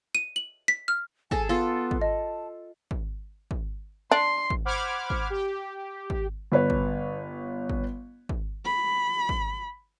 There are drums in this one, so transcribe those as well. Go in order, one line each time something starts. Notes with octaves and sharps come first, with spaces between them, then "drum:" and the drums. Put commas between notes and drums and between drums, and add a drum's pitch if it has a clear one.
D#7
F#7
B6
F6
G#4 A4 G#5 A5, drum: kick
B3 F4 A4
drum: kick
D#5 A5
drum: kick
drum: kick
D4 C6
drum: kick
C5 F#5 B5 D6 F6 G#6
drum: kick
G4
drum: kick
G1 B4 C#5
drum: kick
drum: kick
drum: kick
B5
drum: kick